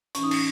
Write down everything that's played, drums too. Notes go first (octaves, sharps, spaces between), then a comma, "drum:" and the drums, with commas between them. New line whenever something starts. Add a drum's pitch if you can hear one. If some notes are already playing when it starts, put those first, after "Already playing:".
A2 E3 C#4, drum: hi-hat
D#4
C#4, drum: cymbal